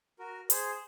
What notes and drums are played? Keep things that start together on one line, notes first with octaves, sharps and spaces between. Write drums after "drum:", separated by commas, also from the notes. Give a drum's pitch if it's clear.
F#4 A#4
G#4 C5, drum: hi-hat